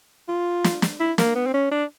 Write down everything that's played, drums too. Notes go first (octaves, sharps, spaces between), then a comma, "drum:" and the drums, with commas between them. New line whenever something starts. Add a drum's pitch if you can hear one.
F4
drum: snare
drum: snare
E4
A#3, drum: snare
B3
C4
C#4
D4